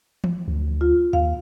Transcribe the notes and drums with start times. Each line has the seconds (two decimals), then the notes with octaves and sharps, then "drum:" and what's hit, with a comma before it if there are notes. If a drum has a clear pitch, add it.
0.24 drum: tom E3
0.48 D2
0.81 F4
1.13 D#2 F5